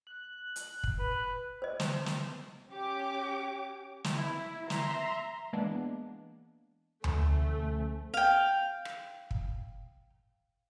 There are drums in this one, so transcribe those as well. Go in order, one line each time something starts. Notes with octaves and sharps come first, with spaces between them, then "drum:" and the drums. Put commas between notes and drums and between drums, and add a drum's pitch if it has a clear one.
F#6
drum: hi-hat
drum: kick
B4
C5 D#5
drum: snare
drum: snare
C#4 G4 D6
drum: snare
E4
E5 A#5 C6, drum: snare
E3 G#3 A#3 B3 D4
D3 F3 A3 C#4, drum: tom D2
F5 G5
drum: rim click
drum: kick